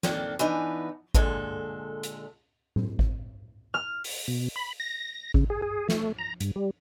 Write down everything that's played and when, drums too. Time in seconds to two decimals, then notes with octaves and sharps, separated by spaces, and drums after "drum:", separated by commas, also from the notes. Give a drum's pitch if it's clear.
0.03 D#3 A#3 C4 D4 A4, drum: snare
0.39 E3 B3 D4 D#4
1.14 A#2 D3 G#3 A4, drum: kick G#1
2.03 drum: hi-hat
2.76 drum: tom A2
2.99 drum: kick G#1
3.74 F6
4.04 drum: open hi-hat
4.28 B2
4.56 B5
4.80 A#6
5.34 C#3, drum: kick G#1
5.50 G#4
5.62 G#4
5.89 A3, drum: snare
6.19 A#5
6.41 G2, drum: hi-hat
6.56 G3